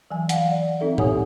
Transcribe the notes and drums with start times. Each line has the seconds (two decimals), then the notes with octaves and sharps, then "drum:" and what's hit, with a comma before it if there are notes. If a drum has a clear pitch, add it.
0.11 E3 F#3 G#5
0.29 F5 F#5, drum: hi-hat
0.51 D5
0.80 C4 D#4 A4 E5
0.98 G4 C#5 F#5 G#5 D#6, drum: tom A2